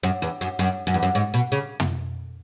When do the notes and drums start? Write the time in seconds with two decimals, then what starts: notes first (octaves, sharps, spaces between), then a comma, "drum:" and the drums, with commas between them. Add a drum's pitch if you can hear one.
0.03 F#2
0.22 E2
0.41 F#2
0.59 F#2
0.87 F#2
0.94 E2
1.03 F#2
1.15 G#2
1.34 B2
1.52 C#3
1.80 drum: tom